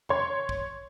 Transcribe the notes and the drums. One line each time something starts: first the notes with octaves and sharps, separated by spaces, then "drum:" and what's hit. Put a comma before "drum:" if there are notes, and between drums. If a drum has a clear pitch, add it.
C#5 C6, drum: tom E2
drum: kick